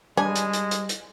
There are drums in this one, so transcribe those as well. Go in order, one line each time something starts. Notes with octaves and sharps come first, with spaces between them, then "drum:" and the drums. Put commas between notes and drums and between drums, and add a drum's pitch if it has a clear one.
G3 G#3 D4 G#5
drum: hi-hat
drum: hi-hat
drum: hi-hat
drum: hi-hat